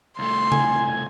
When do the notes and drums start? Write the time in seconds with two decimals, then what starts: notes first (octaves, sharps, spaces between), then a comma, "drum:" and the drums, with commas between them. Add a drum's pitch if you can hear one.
0.19 C2 A3 C6
0.52 G#5, drum: tom C#3